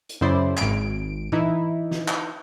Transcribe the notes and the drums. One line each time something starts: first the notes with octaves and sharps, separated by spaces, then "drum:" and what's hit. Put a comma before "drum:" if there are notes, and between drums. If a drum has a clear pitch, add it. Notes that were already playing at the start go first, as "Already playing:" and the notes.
drum: hi-hat
F#2 C#3 E4 C5 D5
G#1 D7, drum: clap
E3 D#4 E4, drum: tom A2
drum: snare
drum: clap